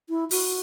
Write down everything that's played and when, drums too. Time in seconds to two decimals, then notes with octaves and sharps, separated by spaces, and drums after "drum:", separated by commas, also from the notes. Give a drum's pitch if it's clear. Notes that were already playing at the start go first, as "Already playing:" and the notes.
0.09 E4
0.31 F#4, drum: open hi-hat